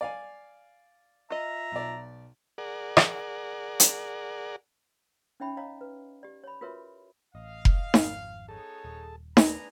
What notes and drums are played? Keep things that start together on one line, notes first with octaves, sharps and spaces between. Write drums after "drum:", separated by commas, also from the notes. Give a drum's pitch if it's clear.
D5 F5 G#5
F4 D#5 E5 A#5
B1 D5
G#4 A#4 D5 F#5
drum: rim click
drum: hi-hat
C#4 D#4 C#5 E5 G5 B5
C#5 D#5 F5 A#5
B4
G4 D5
C#5 B5
F4 F#4 A#4 B4 C#5 E5
A1 D#5 F5
drum: kick F1
G#1 F2, drum: snare D#4
B3 D#4 G#4 A4 C#5 A5
D#1
D4 G#4 B4 G#5 A#5, drum: snare D#4